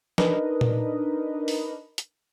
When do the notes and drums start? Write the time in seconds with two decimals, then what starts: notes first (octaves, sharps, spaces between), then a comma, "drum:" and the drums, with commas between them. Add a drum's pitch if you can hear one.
0.18 D4 D#4 A#4 B4 D#5, drum: snare
0.61 drum: tom A#2
1.48 drum: open hi-hat
1.98 drum: hi-hat